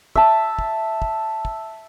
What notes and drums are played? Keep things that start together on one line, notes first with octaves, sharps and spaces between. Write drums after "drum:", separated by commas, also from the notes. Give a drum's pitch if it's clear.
E5 A5, drum: kick
drum: kick
drum: kick
drum: kick